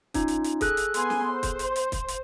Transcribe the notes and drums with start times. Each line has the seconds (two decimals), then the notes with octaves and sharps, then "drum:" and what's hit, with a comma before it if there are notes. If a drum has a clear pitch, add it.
0.14 C#4 D#4 F4, drum: kick, hi-hat
0.28 drum: hi-hat
0.44 drum: hi-hat
0.61 G#4 A4 F#6, drum: kick, hi-hat
0.77 drum: hi-hat
0.94 B3 G#5 C6, drum: hi-hat
1.10 drum: snare
1.32 C5
1.43 drum: kick, hi-hat
1.59 drum: hi-hat
1.76 drum: hi-hat
1.92 drum: kick, hi-hat
2.08 drum: hi-hat